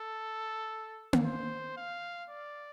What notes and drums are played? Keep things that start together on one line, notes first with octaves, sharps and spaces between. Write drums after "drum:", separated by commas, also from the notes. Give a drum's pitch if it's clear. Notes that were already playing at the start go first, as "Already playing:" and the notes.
Already playing: A4
drum: tom A#3
C5
F5
D5